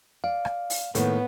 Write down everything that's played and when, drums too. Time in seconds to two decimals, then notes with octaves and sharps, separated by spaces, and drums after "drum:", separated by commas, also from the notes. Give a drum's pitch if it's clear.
0.24 D5 F5
0.45 drum: rim click
0.70 drum: open hi-hat
0.95 A2 D#3 A#3 B3, drum: hi-hat